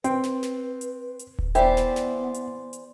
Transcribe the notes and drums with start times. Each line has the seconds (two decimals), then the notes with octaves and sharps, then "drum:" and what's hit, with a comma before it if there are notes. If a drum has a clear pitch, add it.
0.04 C4 B4 G5, drum: hi-hat
0.23 drum: snare
0.43 drum: snare
0.81 drum: hi-hat
1.19 drum: hi-hat
1.39 drum: kick D#1
1.55 E3 B3 G4 C5 D5 E5, drum: hi-hat
1.77 drum: snare
1.96 drum: snare
2.34 drum: hi-hat
2.73 drum: hi-hat